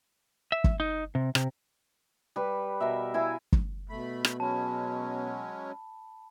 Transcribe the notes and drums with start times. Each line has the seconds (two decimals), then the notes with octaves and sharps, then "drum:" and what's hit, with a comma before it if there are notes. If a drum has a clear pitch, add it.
0.52 E5
0.64 drum: kick G1
0.80 D#4
1.15 C3
1.35 C3, drum: rim click
2.36 G3 B4
2.80 B2 A#4 E5
3.14 E4 F5 G#5
3.52 drum: kick G1
3.90 B2 A3 B5
4.25 drum: rim click
4.40 F#3 G#3 C#4 A5 B5